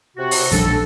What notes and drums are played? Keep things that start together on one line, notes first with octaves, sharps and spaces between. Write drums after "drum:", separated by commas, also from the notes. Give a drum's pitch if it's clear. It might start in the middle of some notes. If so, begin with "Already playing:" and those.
C3 F#4
drum: open hi-hat
A#1 G3 D4 A4, drum: hi-hat